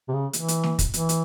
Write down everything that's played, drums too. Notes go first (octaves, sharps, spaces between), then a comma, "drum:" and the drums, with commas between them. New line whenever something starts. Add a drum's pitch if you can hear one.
C3
C#3
E3, drum: hi-hat
drum: hi-hat
drum: snare
drum: kick, hi-hat
E3, drum: hi-hat
drum: hi-hat